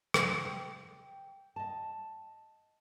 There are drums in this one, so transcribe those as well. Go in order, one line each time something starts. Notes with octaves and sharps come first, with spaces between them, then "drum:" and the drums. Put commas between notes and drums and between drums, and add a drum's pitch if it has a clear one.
G5, drum: rim click
D#5 A5